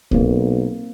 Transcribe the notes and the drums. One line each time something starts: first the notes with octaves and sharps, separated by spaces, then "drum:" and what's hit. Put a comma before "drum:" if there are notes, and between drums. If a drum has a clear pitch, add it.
B1 A#3 C4, drum: kick C2